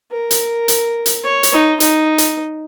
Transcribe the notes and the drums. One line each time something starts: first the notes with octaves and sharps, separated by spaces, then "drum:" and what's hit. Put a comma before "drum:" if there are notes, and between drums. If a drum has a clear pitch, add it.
A#4
drum: hi-hat
drum: hi-hat
drum: hi-hat
C#5
drum: hi-hat
D#4
D#4, drum: hi-hat
drum: hi-hat